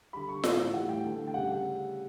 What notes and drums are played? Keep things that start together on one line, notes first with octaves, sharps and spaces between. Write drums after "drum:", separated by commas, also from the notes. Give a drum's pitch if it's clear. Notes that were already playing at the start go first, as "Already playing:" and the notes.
D3 G3 B5
C#6
A2 E3 A3 E6, drum: snare F4
A2 E3 G3 F#5
G5
D3 A3
G5
C#3 G3 F#5